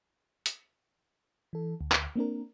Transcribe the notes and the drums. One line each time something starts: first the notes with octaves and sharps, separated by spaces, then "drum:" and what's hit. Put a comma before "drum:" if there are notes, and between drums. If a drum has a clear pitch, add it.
drum: hi-hat
E3 A4
D2
drum: clap
A#3 C4 D4 A#4